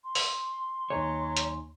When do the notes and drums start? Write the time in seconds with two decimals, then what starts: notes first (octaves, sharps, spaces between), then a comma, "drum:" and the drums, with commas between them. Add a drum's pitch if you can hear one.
0.04 C6
0.15 drum: open hi-hat
0.90 D#2 F#3 D#4 C#5 G#5
1.37 drum: hi-hat